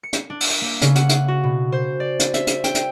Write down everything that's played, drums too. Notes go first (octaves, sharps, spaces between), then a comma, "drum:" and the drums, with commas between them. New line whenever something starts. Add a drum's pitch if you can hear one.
C#7
drum: hi-hat
D4
drum: open hi-hat
E5
A#3
C#3, drum: hi-hat
F#5, drum: hi-hat
drum: hi-hat
F#4
B2
C5
D5
drum: hi-hat
E5, drum: hi-hat
drum: hi-hat
G5, drum: hi-hat
drum: hi-hat